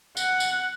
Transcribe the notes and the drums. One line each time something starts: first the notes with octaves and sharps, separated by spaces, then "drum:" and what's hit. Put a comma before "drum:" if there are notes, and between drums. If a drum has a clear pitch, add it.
F#5, drum: tambourine
drum: tambourine